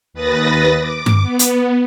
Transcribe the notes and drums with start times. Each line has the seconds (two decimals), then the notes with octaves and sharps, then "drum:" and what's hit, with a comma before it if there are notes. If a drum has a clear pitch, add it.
0.14 D#2 B4 D#6 A6 A#6
0.78 D6
1.06 drum: tom G2
1.23 B3
1.39 drum: hi-hat